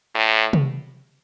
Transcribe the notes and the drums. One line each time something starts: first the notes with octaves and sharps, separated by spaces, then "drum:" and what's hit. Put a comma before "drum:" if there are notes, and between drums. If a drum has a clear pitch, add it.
A2
drum: tom C3